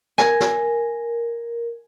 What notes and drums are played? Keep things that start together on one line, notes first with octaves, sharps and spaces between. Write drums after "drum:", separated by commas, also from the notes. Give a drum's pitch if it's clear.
A#4 G#5, drum: snare
drum: snare